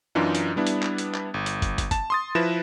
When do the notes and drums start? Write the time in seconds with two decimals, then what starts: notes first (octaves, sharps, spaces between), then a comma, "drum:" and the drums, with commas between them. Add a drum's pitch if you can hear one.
0.15 F#2 E3 D4 D#4 F4
0.35 drum: hi-hat
0.56 G3 B3 D4 E4
0.67 drum: hi-hat
0.82 drum: clap
0.98 drum: hi-hat
1.14 drum: clap
1.34 G1
1.46 drum: hi-hat
1.62 drum: kick, hi-hat
1.78 drum: kick, hi-hat
1.91 A5, drum: kick, hi-hat
2.10 C6 D#6 A6
2.35 F3 E4 B4 A#6 E7